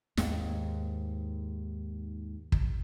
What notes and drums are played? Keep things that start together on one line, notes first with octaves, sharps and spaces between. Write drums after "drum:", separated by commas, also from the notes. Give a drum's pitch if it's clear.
D#2 G#2, drum: snare
drum: kick